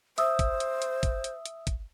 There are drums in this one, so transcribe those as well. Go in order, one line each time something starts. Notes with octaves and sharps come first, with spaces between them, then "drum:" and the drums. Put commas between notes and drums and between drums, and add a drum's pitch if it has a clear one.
C5 E5 D#6 E6, drum: hi-hat
drum: kick, hi-hat
drum: hi-hat
drum: hi-hat
drum: kick, hi-hat
drum: hi-hat
drum: hi-hat
drum: kick, hi-hat